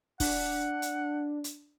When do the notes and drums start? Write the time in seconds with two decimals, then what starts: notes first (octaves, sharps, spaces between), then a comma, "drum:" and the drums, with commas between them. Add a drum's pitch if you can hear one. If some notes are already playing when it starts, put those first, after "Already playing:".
0.20 D4 F#5, drum: kick, open hi-hat
0.82 drum: hi-hat
1.44 drum: hi-hat